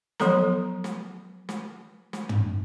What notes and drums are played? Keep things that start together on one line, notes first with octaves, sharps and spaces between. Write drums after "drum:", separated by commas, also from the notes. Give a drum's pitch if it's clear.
F3 F#3 B3 A4 A#5, drum: snare
drum: snare
drum: snare
drum: snare
drum: tom